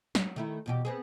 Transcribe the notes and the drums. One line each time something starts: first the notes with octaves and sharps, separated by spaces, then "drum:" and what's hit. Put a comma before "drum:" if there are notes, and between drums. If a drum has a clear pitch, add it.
F#3, drum: snare
D#3 A3 E4
E2 B2 G4
B3 C4 G#4